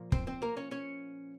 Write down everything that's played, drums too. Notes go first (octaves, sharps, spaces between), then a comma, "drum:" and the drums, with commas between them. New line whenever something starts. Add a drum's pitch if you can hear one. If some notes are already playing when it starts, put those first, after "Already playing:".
Already playing: A#2 F3 A#3
C4 C5, drum: kick
C4 C5
A#3 A#4
C#4 C#5
C#4 C#5